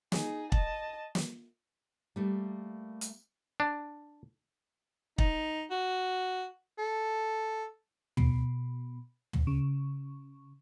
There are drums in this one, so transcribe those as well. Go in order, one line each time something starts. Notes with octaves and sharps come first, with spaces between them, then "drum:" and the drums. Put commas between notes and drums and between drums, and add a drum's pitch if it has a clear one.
D#4 G#4, drum: snare
D#5 A5, drum: kick
drum: snare
G3 A3 A#3
drum: hi-hat
D4
D#4, drum: kick
F#4
A4
B2, drum: tom
drum: tom
C#3